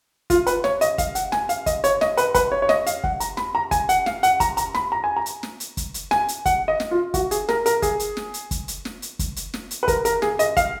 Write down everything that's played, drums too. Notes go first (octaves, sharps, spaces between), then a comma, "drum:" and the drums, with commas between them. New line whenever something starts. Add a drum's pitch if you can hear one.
F4, drum: kick, hi-hat
B4, drum: hi-hat
C#5, drum: snare
D#5, drum: hi-hat
F5, drum: kick, hi-hat
F#5, drum: hi-hat
G#5, drum: snare
F5, drum: hi-hat
D#5, drum: kick, hi-hat
C#5, drum: hi-hat
D#5, drum: snare
B4, drum: hi-hat
B4, drum: kick, hi-hat
C#5
C#5
D#5, drum: snare
F5, drum: hi-hat
F#5, drum: kick
A#5, drum: hi-hat
B5, drum: snare
A#5
G#5, drum: kick, hi-hat
F#5, drum: hi-hat
F5, drum: snare
F#5, drum: hi-hat
A#5, drum: kick, hi-hat
A#5, drum: hi-hat
B5, drum: snare
A#5
G#5
A#5
drum: hi-hat
drum: snare
drum: hi-hat
drum: kick, hi-hat
drum: hi-hat
G#5, drum: snare
drum: hi-hat
F#5, drum: kick, hi-hat
D#5
drum: snare
F4
F#4, drum: kick, hi-hat
G#4, drum: hi-hat
A#4, drum: snare
A#4, drum: hi-hat
G#4, drum: kick, hi-hat
drum: hi-hat
drum: snare
drum: hi-hat
drum: kick, hi-hat
drum: hi-hat
drum: snare
drum: hi-hat
drum: kick, hi-hat
drum: hi-hat
drum: snare
drum: hi-hat
B4
A#4, drum: kick, hi-hat
A#4, drum: hi-hat
G#4, drum: snare
D#5, drum: hi-hat
F5, drum: kick, hi-hat